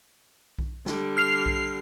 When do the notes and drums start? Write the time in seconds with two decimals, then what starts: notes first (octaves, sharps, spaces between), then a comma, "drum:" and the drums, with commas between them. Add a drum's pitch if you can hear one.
0.58 drum: kick B1
0.86 D3 G3, drum: snare
1.17 F6 C7 F7
1.46 drum: kick B1